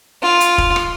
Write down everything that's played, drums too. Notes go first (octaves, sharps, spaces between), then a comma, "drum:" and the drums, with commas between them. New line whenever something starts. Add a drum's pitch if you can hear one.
F4
drum: hi-hat
drum: kick
drum: rim click